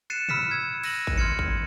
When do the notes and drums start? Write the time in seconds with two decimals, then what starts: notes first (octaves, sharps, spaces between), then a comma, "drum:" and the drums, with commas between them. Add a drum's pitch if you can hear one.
0.10 F#6 A6 C7 C#7 D#7 E7
0.29 B5 E6 F6 B6 C#7 E7, drum: tom
0.51 E6 G#6
0.83 E6 A#6 D#7 F#7, drum: cymbal
1.07 drum: kick G#1
1.18 C6 F6 G#6 C#7
1.39 drum: kick G#1